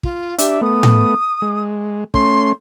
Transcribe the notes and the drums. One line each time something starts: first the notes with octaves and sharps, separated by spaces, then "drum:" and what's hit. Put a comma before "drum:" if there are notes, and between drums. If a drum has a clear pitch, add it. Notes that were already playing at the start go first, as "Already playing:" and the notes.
F4, drum: kick
D4 G4 E5, drum: hi-hat
A3 B3 D#6
drum: tom A2
G#3
A3 C#4 C6, drum: kick